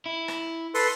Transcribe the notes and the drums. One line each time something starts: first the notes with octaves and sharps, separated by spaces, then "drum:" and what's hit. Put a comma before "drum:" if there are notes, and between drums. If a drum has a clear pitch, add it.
E4
drum: rim click
A4 B4 C6, drum: open hi-hat